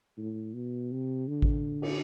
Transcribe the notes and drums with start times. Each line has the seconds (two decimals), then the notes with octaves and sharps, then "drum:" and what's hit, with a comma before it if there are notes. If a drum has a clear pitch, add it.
0.17 A2
0.54 B2
0.92 C3
1.28 D3
1.42 drum: kick G#1
1.82 drum: cymbal